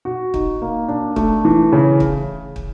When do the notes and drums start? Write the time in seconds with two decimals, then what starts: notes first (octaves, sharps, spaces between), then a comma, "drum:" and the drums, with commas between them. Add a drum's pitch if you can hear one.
0.05 F#4
0.34 D#4, drum: kick
0.62 A#3
0.88 D4
1.16 A3, drum: kick
1.45 E3
1.73 C#3
2.00 drum: kick
2.56 drum: kick